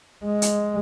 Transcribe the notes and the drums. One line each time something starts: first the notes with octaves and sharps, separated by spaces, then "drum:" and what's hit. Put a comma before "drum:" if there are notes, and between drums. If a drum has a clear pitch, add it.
G#3
drum: hi-hat